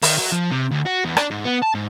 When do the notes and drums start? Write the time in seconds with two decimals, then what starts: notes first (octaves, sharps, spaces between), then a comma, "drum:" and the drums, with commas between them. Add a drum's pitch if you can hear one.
0.02 D#3, drum: open hi-hat
0.18 F#3
0.32 F3
0.51 C3
0.71 D2
0.85 F#4
1.05 E2
1.17 D4, drum: rim click
1.30 G#2
1.44 B3
1.62 A5
1.74 G#2